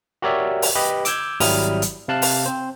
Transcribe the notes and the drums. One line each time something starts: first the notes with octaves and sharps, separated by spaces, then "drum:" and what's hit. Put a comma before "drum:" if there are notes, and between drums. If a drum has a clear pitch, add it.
F#4 G4 A#4 C#5 D5 E5
drum: open hi-hat
G4 B4 D#5 B5
D6 E6 G6 G#6, drum: hi-hat
G#1 F#3 G3 E4 D#6 F6, drum: open hi-hat
drum: hi-hat
C3 F5 A5 F#6
drum: open hi-hat
C4 C5